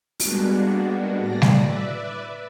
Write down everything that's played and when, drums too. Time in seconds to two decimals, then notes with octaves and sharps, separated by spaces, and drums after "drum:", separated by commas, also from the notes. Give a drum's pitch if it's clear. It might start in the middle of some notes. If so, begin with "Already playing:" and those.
0.20 G3 G#3 A#3 B3 D4 F#4, drum: open hi-hat
1.17 A2 D5 A#6
1.42 drum: snare G3
1.60 B4 D5 E5